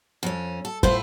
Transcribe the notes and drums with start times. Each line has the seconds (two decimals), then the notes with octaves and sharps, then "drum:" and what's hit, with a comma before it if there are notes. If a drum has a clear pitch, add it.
0.23 F2 C#4
0.65 A4
0.83 A2 E4 F4 C5, drum: kick